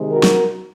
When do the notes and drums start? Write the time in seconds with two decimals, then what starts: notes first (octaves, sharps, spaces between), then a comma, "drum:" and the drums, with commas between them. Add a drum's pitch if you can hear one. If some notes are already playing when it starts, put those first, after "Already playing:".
Already playing: C3 D#3 G#3
0.11 F#4 A#4
0.23 drum: snare